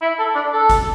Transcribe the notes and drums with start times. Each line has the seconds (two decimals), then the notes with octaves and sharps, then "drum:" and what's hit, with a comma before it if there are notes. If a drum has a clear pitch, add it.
0.02 E4
0.19 A4
0.35 D4
0.53 A4
0.70 drum: kick G1, hi-hat